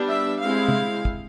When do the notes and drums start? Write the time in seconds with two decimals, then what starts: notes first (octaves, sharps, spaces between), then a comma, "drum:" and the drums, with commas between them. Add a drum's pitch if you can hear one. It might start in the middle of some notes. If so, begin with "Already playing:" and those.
Already playing: G3 B3 D4
0.08 E5
0.41 G#3 C4 E4 F5
0.68 drum: tom
1.05 drum: kick